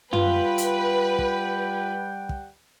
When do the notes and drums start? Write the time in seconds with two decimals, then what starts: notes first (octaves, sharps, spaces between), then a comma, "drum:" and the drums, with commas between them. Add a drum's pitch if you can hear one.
0.13 G3 F4 B4 F#5 G5, drum: tom
0.58 drum: hi-hat
1.19 drum: kick
2.29 drum: kick